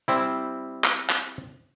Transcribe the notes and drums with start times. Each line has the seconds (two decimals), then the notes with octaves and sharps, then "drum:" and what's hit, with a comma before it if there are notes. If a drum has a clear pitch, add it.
0.08 G3 C4 E4
0.84 drum: clap
1.10 drum: clap